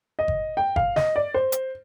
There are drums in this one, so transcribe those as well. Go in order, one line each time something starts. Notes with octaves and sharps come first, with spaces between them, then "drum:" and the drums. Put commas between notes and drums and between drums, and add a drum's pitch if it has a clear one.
D#5
drum: kick G1
G5
F5, drum: kick G1
D#5, drum: snare
D5
C5
drum: hi-hat